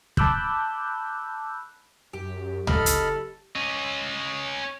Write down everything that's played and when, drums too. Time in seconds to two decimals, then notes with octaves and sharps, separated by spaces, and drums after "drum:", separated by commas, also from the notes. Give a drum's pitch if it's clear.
0.17 A5 B5 D6 E6 F#6 G6, drum: kick
2.13 F#2 G4
2.67 F#1 A4 D#5 B5 F6, drum: tom C#2
2.86 drum: hi-hat
3.56 C#4 D#5